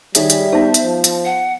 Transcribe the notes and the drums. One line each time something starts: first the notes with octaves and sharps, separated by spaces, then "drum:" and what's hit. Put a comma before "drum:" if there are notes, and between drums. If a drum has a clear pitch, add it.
D#3 G3 G#4 C#5 E5, drum: hi-hat
drum: hi-hat
B3 D#4 C5 A5
drum: hi-hat
F3
drum: hi-hat
F#5